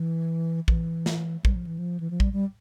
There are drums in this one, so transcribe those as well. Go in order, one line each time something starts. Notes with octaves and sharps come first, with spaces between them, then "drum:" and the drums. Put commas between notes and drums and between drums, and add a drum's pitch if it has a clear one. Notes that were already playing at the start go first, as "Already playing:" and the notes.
Already playing: E3
E3, drum: kick
drum: snare
G3, drum: kick
F3
E3
F3
E3
F3
G3, drum: kick
G3